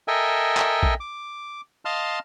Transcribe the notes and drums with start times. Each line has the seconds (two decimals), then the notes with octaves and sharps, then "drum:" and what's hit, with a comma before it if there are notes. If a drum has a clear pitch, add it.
0.08 A4 A#4 D#5 E5 G5 G#5
0.57 drum: clap
0.83 drum: kick A#1
1.00 D6
1.85 D#5 F5 A5 C6 F6